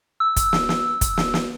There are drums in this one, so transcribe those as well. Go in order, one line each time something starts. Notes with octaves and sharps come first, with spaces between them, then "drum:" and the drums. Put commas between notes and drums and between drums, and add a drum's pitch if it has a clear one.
E6
drum: kick, hi-hat
drum: snare
drum: snare
drum: kick, hi-hat
drum: snare
drum: snare